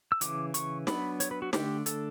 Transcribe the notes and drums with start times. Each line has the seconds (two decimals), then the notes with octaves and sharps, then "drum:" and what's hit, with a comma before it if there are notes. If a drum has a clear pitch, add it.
0.12 E6
0.21 C#3 E3 D6, drum: hi-hat
0.54 C#6, drum: hi-hat
0.87 F#3 B3 D4 B5, drum: snare
1.20 C#5, drum: hi-hat
1.31 B4
1.42 F#4
1.53 D3 A3 D4 G4, drum: snare
1.86 A4, drum: hi-hat